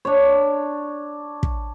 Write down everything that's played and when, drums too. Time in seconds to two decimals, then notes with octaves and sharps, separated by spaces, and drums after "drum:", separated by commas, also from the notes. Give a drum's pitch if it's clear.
0.05 D4 C#5
1.43 drum: kick